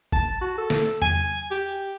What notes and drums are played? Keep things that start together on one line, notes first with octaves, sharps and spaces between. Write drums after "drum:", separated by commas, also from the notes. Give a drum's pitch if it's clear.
A5, drum: kick G1
F#4
A4
drum: snare
G#5, drum: tom E2
G4